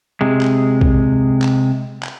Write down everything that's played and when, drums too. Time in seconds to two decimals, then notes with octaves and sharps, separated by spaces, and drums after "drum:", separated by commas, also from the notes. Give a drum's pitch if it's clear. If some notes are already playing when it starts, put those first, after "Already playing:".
0.21 C3 G#3
0.41 drum: clap
0.81 drum: kick
1.42 drum: clap
2.03 drum: clap